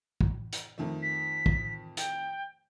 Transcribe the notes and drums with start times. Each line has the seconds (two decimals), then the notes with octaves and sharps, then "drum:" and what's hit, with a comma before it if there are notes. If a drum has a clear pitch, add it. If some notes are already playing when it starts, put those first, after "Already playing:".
0.21 drum: kick
0.53 drum: hi-hat
0.78 F2 D#3 A3
1.02 B6
1.46 drum: kick
1.97 G5, drum: hi-hat